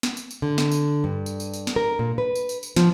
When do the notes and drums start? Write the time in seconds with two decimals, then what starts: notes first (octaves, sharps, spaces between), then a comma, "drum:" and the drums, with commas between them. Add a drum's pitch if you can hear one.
0.03 drum: snare
0.17 drum: tambourine
0.31 drum: tambourine
0.42 D3
0.58 drum: snare
0.72 drum: tambourine
1.04 G2
1.26 drum: tambourine
1.40 drum: tambourine
1.54 drum: tambourine
1.67 drum: snare
1.76 A#4
1.99 A#2
2.18 B4
2.35 drum: tambourine
2.49 drum: tambourine
2.63 drum: tambourine
2.76 F3, drum: snare